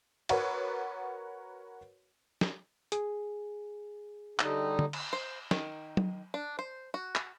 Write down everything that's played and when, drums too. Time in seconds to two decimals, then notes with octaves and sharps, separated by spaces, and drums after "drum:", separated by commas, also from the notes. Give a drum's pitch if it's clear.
0.29 F#4 A#4 B4 C#5 F#5, drum: cymbal
2.41 drum: snare
2.92 G#4, drum: hi-hat
4.39 D3 G3 D#4, drum: clap
4.79 drum: tom
4.93 drum: cymbal
5.13 C5
5.51 D#3, drum: snare
5.97 drum: tom F#3
6.34 D4
6.59 C5
6.94 F#4
7.15 drum: clap